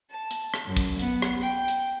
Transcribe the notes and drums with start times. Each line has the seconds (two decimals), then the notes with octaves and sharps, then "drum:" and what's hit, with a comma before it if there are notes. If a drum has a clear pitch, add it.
0.11 A5
0.31 drum: hi-hat
0.54 drum: rim click
0.63 F#2
0.77 drum: kick, hi-hat
0.99 B3, drum: hi-hat
1.22 drum: rim click
1.42 G5
1.68 drum: hi-hat